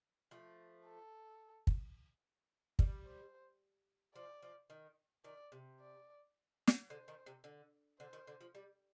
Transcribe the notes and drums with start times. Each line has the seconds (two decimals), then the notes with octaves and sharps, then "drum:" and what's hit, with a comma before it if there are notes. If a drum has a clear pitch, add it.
0.31 F3 A3
0.86 A4
1.67 drum: kick
2.79 G3, drum: kick
3.05 C5
4.15 F3 D5
4.43 F3
4.70 D#3
5.24 D#3 D5
5.52 C3
5.80 D5
6.67 drum: snare
6.89 D3 C5
7.08 D#3
7.26 C3
7.44 D3
7.99 D3 C5
8.13 D#3
8.27 D3
8.41 F3
8.55 G3